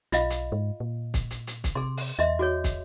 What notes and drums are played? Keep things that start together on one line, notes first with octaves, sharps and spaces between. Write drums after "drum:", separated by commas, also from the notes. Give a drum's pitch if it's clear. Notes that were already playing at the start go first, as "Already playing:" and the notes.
B1 F4 D#5 F5, drum: hi-hat
drum: hi-hat
G#2
A#2
drum: kick, hi-hat
drum: hi-hat
drum: hi-hat
drum: kick, hi-hat
C3 G#4 C6
drum: open hi-hat
E2 D#5 E5 C6
F#4 G#4 C#5
drum: kick, hi-hat